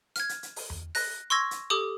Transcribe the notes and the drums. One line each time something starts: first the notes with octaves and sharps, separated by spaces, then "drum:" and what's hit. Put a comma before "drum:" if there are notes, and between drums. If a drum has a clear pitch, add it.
F6 G#6, drum: hi-hat
drum: hi-hat
drum: hi-hat
drum: open hi-hat
drum: tom E2
F#6 A#6, drum: open hi-hat
C6 C#6 E6 G#6 A#6
drum: hi-hat
G4 A4 D6 D#6